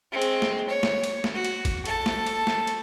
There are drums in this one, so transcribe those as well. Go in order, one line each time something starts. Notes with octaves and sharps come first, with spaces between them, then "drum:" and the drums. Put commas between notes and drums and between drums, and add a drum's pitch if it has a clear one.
G#3 C4
drum: cymbal
drum: snare
C#5
drum: snare
drum: cymbal
drum: snare
F#4
drum: cymbal
drum: kick, cymbal
A4 A5, drum: cymbal
drum: snare
drum: cymbal
drum: snare
drum: cymbal